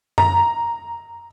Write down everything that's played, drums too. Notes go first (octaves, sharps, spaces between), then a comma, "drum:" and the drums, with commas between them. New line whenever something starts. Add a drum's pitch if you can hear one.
A#5, drum: tom F#2